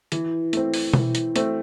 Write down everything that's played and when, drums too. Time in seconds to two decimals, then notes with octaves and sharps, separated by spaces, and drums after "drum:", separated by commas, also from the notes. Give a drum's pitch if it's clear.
0.12 E3, drum: hi-hat
0.53 A3 C4, drum: hi-hat
0.74 drum: open hi-hat
0.94 E3, drum: tom B2
1.15 drum: hi-hat
1.36 A3 C4, drum: hi-hat